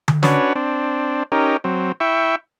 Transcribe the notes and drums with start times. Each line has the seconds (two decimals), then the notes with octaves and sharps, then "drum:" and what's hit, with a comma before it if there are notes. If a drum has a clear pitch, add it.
0.08 drum: tom D3
0.23 C#4 D4 F#4 B4 C#5, drum: snare
0.55 C4 D4
1.32 C#4 D#4 G4 A#4
1.64 F#3 C4
2.00 E4 E5 G5 C#6